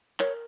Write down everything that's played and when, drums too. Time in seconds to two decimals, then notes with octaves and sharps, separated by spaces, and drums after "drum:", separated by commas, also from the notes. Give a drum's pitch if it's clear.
0.19 A#4 C#5, drum: clap